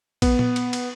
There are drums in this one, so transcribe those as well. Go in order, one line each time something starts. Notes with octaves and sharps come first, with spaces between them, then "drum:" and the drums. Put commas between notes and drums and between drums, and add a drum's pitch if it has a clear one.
B3, drum: kick A#1, cymbal
drum: tom A#2
drum: cymbal
drum: cymbal